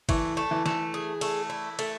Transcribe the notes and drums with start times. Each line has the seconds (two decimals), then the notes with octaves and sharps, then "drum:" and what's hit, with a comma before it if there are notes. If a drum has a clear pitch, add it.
0.09 E3 A3, drum: kick G1, cymbal
0.37 A3
0.51 E3
0.66 A3, drum: snare
0.94 G#4
1.21 A3, drum: cymbal
1.50 E4
1.79 A3, drum: cymbal